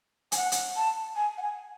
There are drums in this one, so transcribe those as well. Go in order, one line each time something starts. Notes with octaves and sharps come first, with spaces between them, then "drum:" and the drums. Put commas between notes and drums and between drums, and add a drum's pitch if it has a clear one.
G#5, drum: hi-hat
F#5
drum: hi-hat
A5
G#5
F#5
G#5